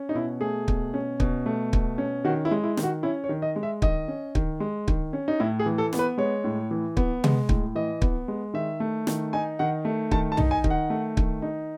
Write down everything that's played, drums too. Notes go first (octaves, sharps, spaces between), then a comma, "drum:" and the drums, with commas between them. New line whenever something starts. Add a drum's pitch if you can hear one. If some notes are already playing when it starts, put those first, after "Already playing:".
Already playing: C#4
D#4
B2 E4
A3 G#4
B2, drum: kick
C#4
B2, drum: kick
A3
B2, drum: kick
C#4
D#3 F#4
E4
G#3
E4
D#3, drum: snare
F#4
C#4 E4
C#5
D#3
D#5
G#3
E5
D#3 D#5, drum: kick
C#4
D#3, drum: kick
G#3
D#3, drum: kick
C#4
D#4
A2 E4
G#4
E3
A4
B3, drum: snare
B4
G#3 C#5
A2
E3
B3, drum: kick
G#3, drum: tom C3
A2, drum: kick
E3 D#5
B3, drum: kick
G#3
D#3 E5
A3
D#3, drum: snare
D#4 G#5
D#3 F#5
A3
D#3 A5, drum: kick
A5
D#4, drum: tom
G#5
D#3, drum: kick
F#5
A3
D#3, drum: kick
D#4